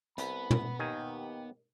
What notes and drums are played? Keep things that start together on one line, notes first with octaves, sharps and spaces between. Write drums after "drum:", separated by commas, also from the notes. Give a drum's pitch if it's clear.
C2 B3 B5, drum: hi-hat
drum: tom B2
D#2 D#3 G4 G#5